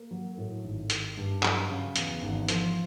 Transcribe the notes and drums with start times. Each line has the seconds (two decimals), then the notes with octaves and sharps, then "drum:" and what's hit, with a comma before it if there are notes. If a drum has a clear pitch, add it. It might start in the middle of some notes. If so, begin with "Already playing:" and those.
Already playing: A#3
0.11 F#3
0.37 A2
0.64 G#1
0.90 D#3, drum: hi-hat
1.17 G2
1.43 F#3, drum: clap
1.69 C#3
1.96 E2, drum: hi-hat
2.22 G#1
2.48 F3, drum: hi-hat